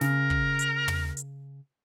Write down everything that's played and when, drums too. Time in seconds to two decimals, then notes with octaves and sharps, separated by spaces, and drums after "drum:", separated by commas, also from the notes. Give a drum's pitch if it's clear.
0.01 C#3 A#4, drum: snare
0.30 drum: kick
0.59 drum: hi-hat
0.88 drum: tom
1.17 drum: hi-hat